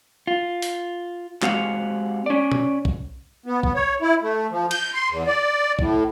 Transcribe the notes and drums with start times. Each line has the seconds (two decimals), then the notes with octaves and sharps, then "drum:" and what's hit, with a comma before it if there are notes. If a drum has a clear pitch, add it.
0.27 F4
0.62 drum: open hi-hat
1.42 G#3 C4 F#4 G4 F5 F#5, drum: clap
2.26 C#4 D5
2.52 drum: tom B2
2.85 drum: kick
3.46 B3
3.63 B3, drum: kick
3.75 C#5
4.02 E4
4.22 A3
4.51 F3
4.71 G6, drum: cymbal
4.95 C6
5.10 E2
5.27 D5
5.79 A2, drum: kick